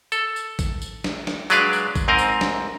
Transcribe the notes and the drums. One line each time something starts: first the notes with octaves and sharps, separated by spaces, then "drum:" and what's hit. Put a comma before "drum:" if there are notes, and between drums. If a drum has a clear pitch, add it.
A4, drum: tambourine
drum: tambourine
drum: kick A#1, tambourine
drum: tambourine
drum: snare
drum: snare
F#3 G#3 D4 B4 D5 F5, drum: tambourine
drum: tambourine
drum: kick A#1, tambourine
G#2 C4 A#4 D#5 A#5
drum: tambourine
drum: snare